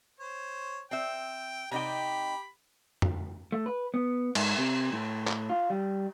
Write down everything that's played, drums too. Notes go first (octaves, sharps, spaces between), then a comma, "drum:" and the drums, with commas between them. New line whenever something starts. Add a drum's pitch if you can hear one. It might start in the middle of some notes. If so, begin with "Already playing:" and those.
C5 C#5
C4 E5 G5
C3 D#4 G4 G5 B5
drum: tom F2
A3
B4
B3
G#2, drum: cymbal
C3
A2
drum: clap
F4
G3